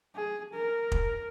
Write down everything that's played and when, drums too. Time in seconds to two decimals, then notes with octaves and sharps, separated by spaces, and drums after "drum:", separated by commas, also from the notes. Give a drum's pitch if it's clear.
0.15 G#4
0.54 A#4
0.92 drum: kick